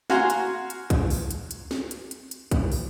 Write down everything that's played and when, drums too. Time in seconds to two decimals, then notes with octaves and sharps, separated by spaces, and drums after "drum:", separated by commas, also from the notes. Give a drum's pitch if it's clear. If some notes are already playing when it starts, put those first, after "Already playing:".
0.10 F#4 F5 F#5 G#5 A#5 C6, drum: snare
0.30 drum: hi-hat
0.70 drum: hi-hat
0.90 drum: kick, hi-hat
1.10 drum: open hi-hat
1.31 drum: hi-hat
1.51 drum: hi-hat
1.71 drum: snare
1.91 drum: hi-hat
2.11 drum: hi-hat
2.31 drum: hi-hat
2.51 drum: kick, hi-hat
2.72 drum: open hi-hat